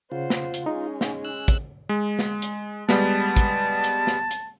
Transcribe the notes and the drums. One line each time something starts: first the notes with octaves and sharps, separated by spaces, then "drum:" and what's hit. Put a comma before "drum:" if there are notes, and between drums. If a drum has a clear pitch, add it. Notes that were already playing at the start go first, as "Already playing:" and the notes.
C#3 F4 C5 F#5
drum: snare
drum: hi-hat
G#3 C#4 D#4
drum: snare
E6 F#6
drum: kick, hi-hat
G#3
drum: snare
drum: hi-hat
G3 G#3 B3 A5, drum: snare
drum: kick, hi-hat
drum: hi-hat
drum: snare
drum: hi-hat